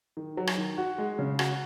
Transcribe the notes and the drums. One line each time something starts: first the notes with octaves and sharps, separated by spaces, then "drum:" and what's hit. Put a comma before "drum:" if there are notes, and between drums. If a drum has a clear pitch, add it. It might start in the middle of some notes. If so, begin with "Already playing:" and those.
D#3
F#3
drum: rim click
D#3
F#4
G#3
C#3
F#4, drum: rim click